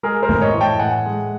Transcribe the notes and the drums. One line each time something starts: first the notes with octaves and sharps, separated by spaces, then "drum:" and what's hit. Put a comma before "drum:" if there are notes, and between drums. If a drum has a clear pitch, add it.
G#3 G#4 A#4
A#4 C5
A2, drum: tom F#2
C#5 D#5
E3
G5 A5
A2 F#5 G#5
G#3